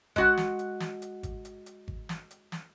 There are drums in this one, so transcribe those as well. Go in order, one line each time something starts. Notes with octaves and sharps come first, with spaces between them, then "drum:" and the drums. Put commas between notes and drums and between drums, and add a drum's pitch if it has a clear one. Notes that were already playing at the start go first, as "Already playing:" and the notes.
G#3 F#4 F#5, drum: kick G#1, hi-hat
drum: snare
drum: hi-hat
drum: snare
drum: hi-hat
drum: kick G#1, hi-hat
drum: hi-hat
drum: hi-hat
drum: kick G#1
drum: snare
drum: hi-hat
drum: snare